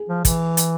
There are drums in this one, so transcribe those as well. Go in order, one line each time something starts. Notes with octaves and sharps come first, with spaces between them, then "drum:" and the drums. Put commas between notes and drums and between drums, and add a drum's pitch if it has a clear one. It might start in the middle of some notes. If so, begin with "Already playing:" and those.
Already playing: G#4
F3
E3, drum: kick, hi-hat
drum: hi-hat